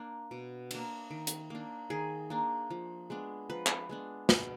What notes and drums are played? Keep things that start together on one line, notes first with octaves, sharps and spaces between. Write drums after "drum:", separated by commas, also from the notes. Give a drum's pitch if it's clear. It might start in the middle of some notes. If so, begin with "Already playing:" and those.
Already playing: A#3 D4
B2
A#3 D4, drum: cymbal
D#3
drum: hi-hat
A#3 D4
D#3 G#4
A#3 D4
F3
G#3 B3 D4
F3 B4
drum: clap
G#3 B3 D4
B2, drum: snare